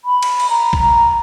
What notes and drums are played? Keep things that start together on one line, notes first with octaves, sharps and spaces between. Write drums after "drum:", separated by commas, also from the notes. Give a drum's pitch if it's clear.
B5
drum: cymbal
drum: cymbal
A#5
drum: kick A#1